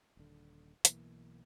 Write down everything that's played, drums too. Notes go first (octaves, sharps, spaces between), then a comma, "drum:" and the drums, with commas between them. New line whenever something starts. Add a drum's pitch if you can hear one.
D#1 D3
B1 B2 E3 A#3, drum: hi-hat